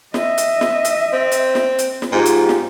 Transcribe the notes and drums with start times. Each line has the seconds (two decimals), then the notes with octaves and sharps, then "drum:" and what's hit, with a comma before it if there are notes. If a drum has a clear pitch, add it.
0.14 D#5 E5, drum: snare
0.38 drum: hi-hat
0.61 drum: snare
0.85 drum: hi-hat
1.13 C4
1.32 drum: hi-hat
1.55 drum: snare
1.78 drum: hi-hat
2.02 drum: snare
2.12 G#2 F4 G4
2.25 drum: hi-hat
2.49 drum: snare